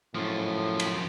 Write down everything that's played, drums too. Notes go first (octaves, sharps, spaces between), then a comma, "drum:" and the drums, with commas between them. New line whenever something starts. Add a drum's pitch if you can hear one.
F#2 A2 F3
drum: cymbal